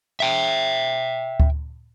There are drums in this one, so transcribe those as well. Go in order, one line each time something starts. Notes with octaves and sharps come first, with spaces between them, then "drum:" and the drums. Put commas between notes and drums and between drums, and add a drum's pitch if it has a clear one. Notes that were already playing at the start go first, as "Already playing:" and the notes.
E5 G5
drum: kick D2